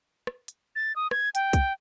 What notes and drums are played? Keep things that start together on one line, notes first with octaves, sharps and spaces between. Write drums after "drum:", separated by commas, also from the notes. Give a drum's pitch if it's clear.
drum: rim click
drum: hi-hat
A6
D#6
G#6, drum: rim click
G5, drum: hi-hat
drum: kick B1, hi-hat